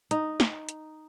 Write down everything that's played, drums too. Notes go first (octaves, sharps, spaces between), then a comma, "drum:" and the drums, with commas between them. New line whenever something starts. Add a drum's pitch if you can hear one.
D#4, drum: hi-hat
drum: snare
drum: hi-hat